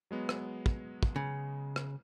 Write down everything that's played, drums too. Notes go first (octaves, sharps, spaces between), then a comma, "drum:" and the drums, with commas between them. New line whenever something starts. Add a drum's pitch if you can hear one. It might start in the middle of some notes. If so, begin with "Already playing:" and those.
F#3 G#3 B3
drum: rim click
drum: kick
drum: kick
C#3
drum: rim click